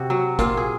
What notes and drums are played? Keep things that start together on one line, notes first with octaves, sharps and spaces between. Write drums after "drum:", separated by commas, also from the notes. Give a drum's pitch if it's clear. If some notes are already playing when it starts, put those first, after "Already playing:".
Already playing: C3 F#4
F#3
A#2 F4, drum: kick, hi-hat
G#4